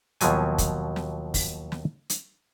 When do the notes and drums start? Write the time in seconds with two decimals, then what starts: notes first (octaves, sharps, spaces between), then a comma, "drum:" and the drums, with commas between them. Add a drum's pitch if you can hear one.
0.21 D#2 B2 F3 F#3 G#5, drum: hi-hat
0.58 drum: kick, hi-hat
0.96 drum: snare
1.34 drum: kick, open hi-hat
1.72 drum: snare
2.10 drum: hi-hat